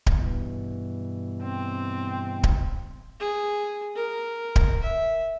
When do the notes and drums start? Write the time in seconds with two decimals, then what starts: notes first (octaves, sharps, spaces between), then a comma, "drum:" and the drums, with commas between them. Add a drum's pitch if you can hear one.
0.06 drum: kick D1
0.18 G2 B2 E3
1.43 C4
2.43 drum: kick D1
3.20 G#4
3.96 A#4
4.56 drum: kick D1
4.83 E5